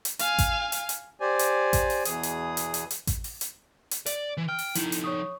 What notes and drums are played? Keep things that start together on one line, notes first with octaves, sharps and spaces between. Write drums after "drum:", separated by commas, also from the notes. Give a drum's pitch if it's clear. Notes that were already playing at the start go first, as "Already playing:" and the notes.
drum: hi-hat
F5 G#5, drum: hi-hat
drum: kick A1, hi-hat
drum: hi-hat
drum: hi-hat
G4 C5 D5 G#5
drum: hi-hat
drum: kick A1, hi-hat
drum: open hi-hat
E2 B2 E3 G#4 D#6, drum: hi-hat
drum: hi-hat
drum: hi-hat
drum: hi-hat
drum: hi-hat
drum: kick A1, hi-hat
drum: open hi-hat
drum: hi-hat
drum: hi-hat
D5, drum: hi-hat
E3
G5 F6
drum: open hi-hat
F3 D#4 E4 F#7, drum: hi-hat
drum: hi-hat
C#5 C#6 D#6